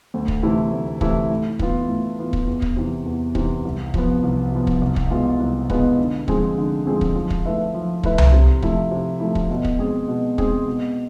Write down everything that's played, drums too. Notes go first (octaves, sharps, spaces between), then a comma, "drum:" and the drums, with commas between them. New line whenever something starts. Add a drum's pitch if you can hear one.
D2
drum: kick
C3 E3 A3 E4
D2
C3 E3 A3 E4, drum: kick
A2
E3 B3 F4, drum: kick
A2
E3 B3 F4
drum: kick
E2
drum: kick
C3 E3
E2
C3 E3, drum: kick
C2
C3 F3 B3, drum: kick
C2
C3 F3 B3
drum: kick
C2
drum: kick
B2 G#3 B3 F4
C2
B2 G#3 B3 F4, drum: kick
D3
F3 G#3 C4 G#4, drum: kick
D3
F3 G#3 C4 G#4
drum: kick
F3
drum: kick
A3 E4 B4 E5
F3
A3 E4 B4 E5, drum: kick
drum: tom C2
C3
F3 A3 E4, drum: kick
C3
F3 A3 E4
drum: kick
B2
drum: kick
G#3 C4 G#4
B2
G#3 C4 G#4, drum: kick
B2